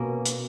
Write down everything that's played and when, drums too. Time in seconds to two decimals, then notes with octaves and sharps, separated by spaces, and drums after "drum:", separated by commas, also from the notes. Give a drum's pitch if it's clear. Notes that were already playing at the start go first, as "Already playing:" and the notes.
Already playing: B2 A#3 C#4
0.25 drum: hi-hat